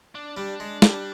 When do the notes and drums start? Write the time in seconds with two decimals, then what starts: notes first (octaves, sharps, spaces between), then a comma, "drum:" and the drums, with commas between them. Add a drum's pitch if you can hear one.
0.15 D4
0.37 G3 D4
0.60 G#3
0.82 G3, drum: snare